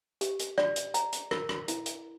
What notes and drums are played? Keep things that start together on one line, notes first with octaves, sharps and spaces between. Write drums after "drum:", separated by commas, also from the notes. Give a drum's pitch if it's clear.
G4, drum: hi-hat
drum: hi-hat
D5, drum: rim click
drum: hi-hat
A#5, drum: hi-hat
drum: hi-hat
A#4, drum: rim click
drum: rim click
E4, drum: hi-hat
drum: hi-hat